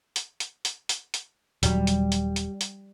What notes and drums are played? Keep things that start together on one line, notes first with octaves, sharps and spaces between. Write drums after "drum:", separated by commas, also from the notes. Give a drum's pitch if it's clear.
drum: hi-hat
drum: hi-hat
drum: hi-hat
drum: hi-hat
drum: hi-hat
D#1 F#3 G3, drum: hi-hat
drum: hi-hat
drum: hi-hat
drum: hi-hat
drum: hi-hat